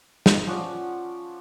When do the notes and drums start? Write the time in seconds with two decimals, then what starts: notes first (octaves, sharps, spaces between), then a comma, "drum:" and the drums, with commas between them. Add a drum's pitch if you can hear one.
0.26 drum: snare
0.47 F3 C#4 D5 F#5